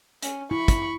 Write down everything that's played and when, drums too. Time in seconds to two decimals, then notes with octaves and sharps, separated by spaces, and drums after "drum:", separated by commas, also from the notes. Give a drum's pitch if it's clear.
0.23 C#4, drum: hi-hat
0.51 E4 B5 C#6
0.68 drum: kick, hi-hat